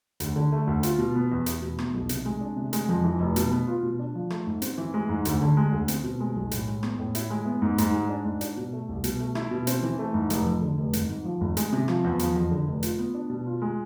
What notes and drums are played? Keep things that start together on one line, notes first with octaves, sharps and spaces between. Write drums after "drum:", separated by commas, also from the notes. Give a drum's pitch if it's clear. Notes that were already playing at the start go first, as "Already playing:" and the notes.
D2, drum: hi-hat
D3
A3
D2
F4, drum: hi-hat
B2
B3
E2
E4, drum: hi-hat
B2
B3, drum: rim click
B1
C3, drum: hi-hat
G#3
D4
C3
G#3, drum: hi-hat
F2
E3
F1
B2, drum: hi-hat
B3
F4
B2
D4
F3
A3, drum: rim click
G#2
C4, drum: hi-hat
E3
G#3
G#2
D2, drum: hi-hat
D3
G#3
D2
C4, drum: hi-hat
B2
G#3
B1
A2, drum: hi-hat
G#3
B3, drum: rim click
A2
E4, drum: hi-hat
G#3
B3
G#2
G#2, drum: hi-hat
G#3
D4
G#2
D4, drum: hi-hat
B2
A3
C2
B2, drum: hi-hat
A3
E4, drum: rim click
B2
C4, drum: hi-hat
E3
A3
G#2
F1, drum: hi-hat
F2
D3
F1
G#1, drum: hi-hat
G#2
F3
G#1
G#3, drum: hi-hat
C3
F3, drum: rim click
E2
F3, drum: hi-hat
F2
D3
F1
F4, drum: hi-hat
B3
D4
B2
F4
G#3